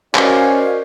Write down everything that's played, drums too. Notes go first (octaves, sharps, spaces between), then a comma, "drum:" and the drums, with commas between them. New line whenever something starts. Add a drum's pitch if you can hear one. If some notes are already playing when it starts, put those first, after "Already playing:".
C#4 F#4 A#4 C5 D5 D#5 F5, drum: clap